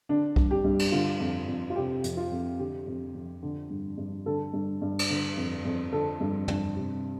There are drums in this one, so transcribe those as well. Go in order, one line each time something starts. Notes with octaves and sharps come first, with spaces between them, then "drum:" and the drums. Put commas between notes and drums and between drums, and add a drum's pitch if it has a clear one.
D3 D4
G2, drum: kick
G4
G2
drum: cymbal
D3 F4
F2
F2
F4
C3 G4
F2, drum: hi-hat
F4
F2
D3 G4
F2
F2
D3
G2
G2
D3 A4
G2
G2
drum: cymbal
D3
F2
F2
D3 A4
G2
G2, drum: tom
C3